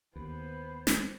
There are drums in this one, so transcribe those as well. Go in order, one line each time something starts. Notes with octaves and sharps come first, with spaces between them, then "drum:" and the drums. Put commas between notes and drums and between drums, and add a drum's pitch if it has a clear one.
D#2 B3 B4 C5
drum: snare